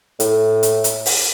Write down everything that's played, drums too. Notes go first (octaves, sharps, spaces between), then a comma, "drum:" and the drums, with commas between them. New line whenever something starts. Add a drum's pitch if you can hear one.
A2, drum: hi-hat
drum: hi-hat
drum: hi-hat
drum: open hi-hat